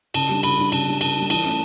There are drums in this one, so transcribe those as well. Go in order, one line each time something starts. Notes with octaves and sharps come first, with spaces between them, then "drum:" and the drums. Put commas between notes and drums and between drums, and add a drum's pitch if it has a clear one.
C#3 A5, drum: cymbal
G3 D4
C#3 B5, drum: cymbal
G3 D4
C#3 A5, drum: cymbal
G3 D4
C#3 A5, drum: cymbal
G3 D4
E3 A5, drum: cymbal
A3 C#4